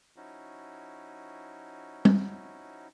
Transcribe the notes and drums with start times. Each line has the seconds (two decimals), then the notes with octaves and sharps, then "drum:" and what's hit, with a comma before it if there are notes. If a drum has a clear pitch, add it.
0.16 F3 C#4 D#4 E4 F#4
2.05 drum: tom